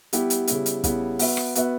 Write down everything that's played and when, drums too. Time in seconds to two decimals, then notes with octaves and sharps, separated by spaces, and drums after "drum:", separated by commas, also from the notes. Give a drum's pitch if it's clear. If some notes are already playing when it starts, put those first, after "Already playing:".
0.13 G3 B3 E4 G4, drum: hi-hat
0.30 drum: hi-hat
0.47 C#3 G3 B3 E4, drum: hi-hat
0.66 drum: hi-hat
0.84 C#3 G3 B3 E4, drum: kick, hi-hat
1.19 B3 F#4 B4 E5, drum: open hi-hat
1.37 drum: rim click
1.55 B3 F#4 B4 E5, drum: hi-hat